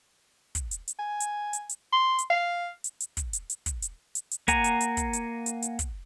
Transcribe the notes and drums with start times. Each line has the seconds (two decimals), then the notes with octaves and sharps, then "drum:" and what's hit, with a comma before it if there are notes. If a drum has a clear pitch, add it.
0.55 drum: kick, hi-hat
0.71 drum: hi-hat
0.88 drum: hi-hat
0.99 G#5
1.20 drum: hi-hat
1.53 drum: hi-hat
1.70 drum: hi-hat
1.93 C6
2.19 drum: hi-hat
2.30 F5
2.84 drum: hi-hat
3.01 drum: hi-hat
3.17 drum: kick, hi-hat
3.33 drum: hi-hat
3.50 drum: hi-hat
3.66 drum: kick, hi-hat
3.82 drum: hi-hat
4.15 drum: hi-hat
4.32 drum: hi-hat
4.48 A#3 F#5 G#5 A#5, drum: kick, hi-hat
4.64 drum: hi-hat
4.81 drum: hi-hat
4.97 drum: kick, hi-hat
5.13 drum: hi-hat
5.46 drum: hi-hat
5.63 drum: hi-hat
5.79 drum: kick, hi-hat